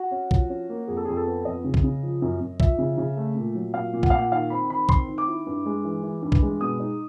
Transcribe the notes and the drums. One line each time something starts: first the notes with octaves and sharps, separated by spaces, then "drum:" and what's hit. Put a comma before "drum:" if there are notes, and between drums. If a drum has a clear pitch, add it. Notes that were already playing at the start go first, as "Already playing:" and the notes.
Already playing: F#4
C#4
F3, drum: kick B1
C#4
A#3
F2 G#4
A4
F2 G#4
A4
B3
F2 D#5
C#3
drum: kick B1
C#3
F3
F#2
F#2
F3 E5, drum: kick B1
C#3
C#3
A3
A#2
F#3
A#2 F5
A#2
F#5, drum: kick B1
A#2 F5
F#5
D#3 F5
C4 B5
D#3 B5
C4 C6, drum: kick B1
D#3
D6
E4
G2
G#3
E3
E3
G2
drum: kick B1
G#3
B2 D#6
D#4